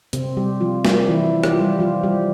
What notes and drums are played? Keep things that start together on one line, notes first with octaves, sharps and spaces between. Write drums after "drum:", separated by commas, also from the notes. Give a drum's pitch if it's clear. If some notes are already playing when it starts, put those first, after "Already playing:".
C3 C4, drum: hi-hat
G3 G4
F3 F4
G3 G4, drum: snare
E3 E4
G4, drum: rim click
F4
G3 G4
F3 F4
G3 G4